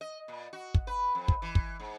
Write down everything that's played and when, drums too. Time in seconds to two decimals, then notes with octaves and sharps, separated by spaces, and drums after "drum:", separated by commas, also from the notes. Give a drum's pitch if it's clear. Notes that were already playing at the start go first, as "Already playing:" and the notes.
0.01 D#5
0.28 A#2
0.53 F#4
0.74 drum: kick
0.87 B4
1.15 F2
1.28 drum: kick
1.42 E3
1.55 drum: kick
1.80 G#2